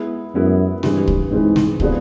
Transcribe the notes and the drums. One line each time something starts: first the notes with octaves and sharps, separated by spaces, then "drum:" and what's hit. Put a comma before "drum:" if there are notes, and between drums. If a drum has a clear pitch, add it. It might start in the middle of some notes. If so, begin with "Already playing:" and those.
Already playing: G#3 B3 E4
F#2 G#3 B3 E4
G2 E3 G#3 C4, drum: snare
drum: kick
G#2 E3 G#3 C4
drum: snare
C3 F3 G#3 B3 D4, drum: kick